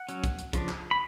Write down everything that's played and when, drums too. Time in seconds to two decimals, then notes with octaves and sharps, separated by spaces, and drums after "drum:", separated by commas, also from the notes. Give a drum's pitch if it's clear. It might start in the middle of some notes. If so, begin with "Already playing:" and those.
Already playing: F#5
0.09 F#3 C#4, drum: hi-hat
0.24 drum: kick, hi-hat
0.39 drum: hi-hat
0.53 C#3 F3 D4, drum: kick, hi-hat
0.69 drum: clap
0.91 B5